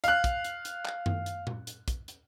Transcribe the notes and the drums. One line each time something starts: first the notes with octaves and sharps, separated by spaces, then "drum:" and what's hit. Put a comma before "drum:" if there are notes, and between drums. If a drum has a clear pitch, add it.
F5 F#6, drum: hi-hat
drum: kick, hi-hat
drum: hi-hat
drum: hi-hat
drum: clap
drum: tom F#2
drum: hi-hat
drum: tom A#2
drum: hi-hat
drum: kick, hi-hat
drum: hi-hat